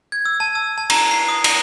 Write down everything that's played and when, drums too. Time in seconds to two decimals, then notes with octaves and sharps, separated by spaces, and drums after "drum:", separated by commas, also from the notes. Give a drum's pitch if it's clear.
0.12 G#6
0.25 E6
0.40 A5
0.55 E6
0.78 A5
0.90 A#5, drum: cymbal
1.11 C7
1.28 D#6
1.44 A#6, drum: cymbal